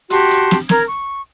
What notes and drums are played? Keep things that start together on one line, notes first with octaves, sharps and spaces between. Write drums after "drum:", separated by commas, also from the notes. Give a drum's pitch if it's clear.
F#4 G4 A5 C6, drum: hi-hat
drum: hi-hat
drum: snare
A#4 A#5 G#6, drum: snare
C#6